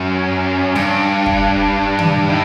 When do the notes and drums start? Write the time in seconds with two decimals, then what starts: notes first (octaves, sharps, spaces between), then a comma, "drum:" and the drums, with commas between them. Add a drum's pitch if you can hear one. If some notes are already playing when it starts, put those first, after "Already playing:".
Already playing: F#2 C#4
0.75 G2 D4, drum: snare
1.26 drum: kick
1.99 drum: tom
2.29 A2 D#4